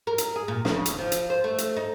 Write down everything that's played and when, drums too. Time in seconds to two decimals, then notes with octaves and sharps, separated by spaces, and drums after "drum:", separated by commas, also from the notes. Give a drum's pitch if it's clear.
0.07 A#4
0.18 drum: hi-hat
0.36 G#4
0.48 A#2
0.65 C#3, drum: snare
0.86 D#2, drum: hi-hat
0.98 F3
1.12 drum: hi-hat
1.30 C5
1.44 A3
1.58 drum: hi-hat
1.77 D#4